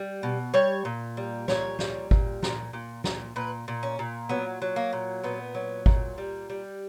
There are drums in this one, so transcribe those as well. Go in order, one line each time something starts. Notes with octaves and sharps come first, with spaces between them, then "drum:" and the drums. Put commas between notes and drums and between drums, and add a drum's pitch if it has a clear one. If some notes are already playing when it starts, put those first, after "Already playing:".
Already playing: G3
B2
G3 C#5
A#2
G3
A#2 C#5, drum: snare
G3, drum: snare
A#2, drum: kick G#1
A#2, drum: snare
A#2
A#2, drum: snare
A#2 B4
A#2
C#4
A#2
F#3 B3
F#3
A#3
A#2
A#2 B3
F#3
A#2, drum: kick G#1
G3
G3